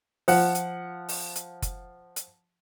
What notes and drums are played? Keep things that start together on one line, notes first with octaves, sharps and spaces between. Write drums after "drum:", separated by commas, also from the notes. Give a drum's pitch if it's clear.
F3 F#5, drum: open hi-hat
drum: hi-hat
drum: open hi-hat
drum: hi-hat
drum: kick F#1, hi-hat
drum: hi-hat